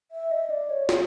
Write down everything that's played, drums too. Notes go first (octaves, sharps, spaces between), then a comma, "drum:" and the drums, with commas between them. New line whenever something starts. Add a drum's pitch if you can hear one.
E5
D#5
D5
C#5
drum: snare